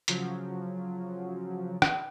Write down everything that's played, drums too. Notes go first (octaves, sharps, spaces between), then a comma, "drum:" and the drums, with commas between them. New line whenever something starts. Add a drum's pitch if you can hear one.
C#3 F3 F#3, drum: hi-hat
drum: rim click